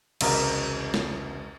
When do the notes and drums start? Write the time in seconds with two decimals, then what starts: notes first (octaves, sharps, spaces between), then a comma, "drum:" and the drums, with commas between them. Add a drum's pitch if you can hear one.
0.21 E1 C2 C#3 A#4 A#5, drum: cymbal
0.94 drum: snare